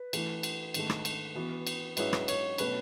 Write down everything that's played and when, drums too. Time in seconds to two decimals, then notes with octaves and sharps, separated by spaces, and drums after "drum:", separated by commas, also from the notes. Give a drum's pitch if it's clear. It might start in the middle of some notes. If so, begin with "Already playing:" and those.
Already playing: B4
0.13 E3 A3 E4, drum: cymbal
0.43 drum: cymbal
0.74 G#2 D#3 A3, drum: cymbal
0.90 drum: rim click
1.05 drum: cymbal
1.35 E3 B3 F#4
1.67 drum: cymbal
1.97 G#2 F#3 C#4 E4 G#4 B4, drum: cymbal
2.13 drum: rim click
2.28 C#5, drum: cymbal
2.58 B2 F#3 A3 C#4 B4, drum: cymbal